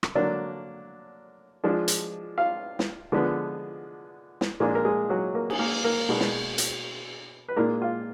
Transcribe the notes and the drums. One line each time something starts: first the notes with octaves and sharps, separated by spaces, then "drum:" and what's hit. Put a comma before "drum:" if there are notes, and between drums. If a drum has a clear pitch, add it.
drum: rim click
D3 F#3 A#3 D4 D5
F3 G#3 D4
drum: hi-hat
F4 F5
drum: snare
D3 F3 G#3 B3 D4
drum: snare
A#2 F3 G#3 A#3 D4 G#4
A#4
G#3 G#4
F#3 F#4
A#3 A#4
G#4, drum: cymbal
A#3 A#4
A#3 A#4
B2 G#3 B3 D4
drum: snare
drum: hi-hat
B4
A#2 G#3 A#3 D4 A#4
F4